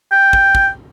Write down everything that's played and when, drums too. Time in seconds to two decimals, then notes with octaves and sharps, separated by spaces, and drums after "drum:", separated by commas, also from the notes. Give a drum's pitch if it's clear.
0.12 G5
0.33 drum: kick
0.55 drum: kick